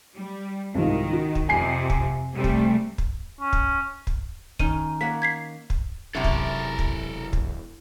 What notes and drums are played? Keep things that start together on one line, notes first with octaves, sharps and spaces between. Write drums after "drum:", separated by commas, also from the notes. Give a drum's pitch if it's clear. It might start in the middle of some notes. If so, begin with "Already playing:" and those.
G3
C2 G#2 D#3 F3
F#4
drum: kick
F2 C3 G#5 C7
drum: kick
C3 G3 A3
drum: kick
drum: kick
C#4
drum: kick
drum: kick
D#3 C#4 D#4 D#7, drum: kick
A#3 C#5 F#5 B6
G#6 B6 C7
drum: kick
E1 F#2 C3 E4 A4 A#4
drum: kick
drum: kick
drum: kick